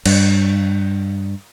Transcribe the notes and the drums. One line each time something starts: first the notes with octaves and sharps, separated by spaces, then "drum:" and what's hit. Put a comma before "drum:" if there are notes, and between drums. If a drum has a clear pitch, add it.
G2, drum: cymbal